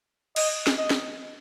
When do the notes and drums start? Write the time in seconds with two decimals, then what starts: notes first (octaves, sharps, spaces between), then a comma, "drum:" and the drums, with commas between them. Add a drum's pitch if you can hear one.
0.36 D#5, drum: cymbal
0.67 drum: snare
0.78 D#5
0.90 drum: snare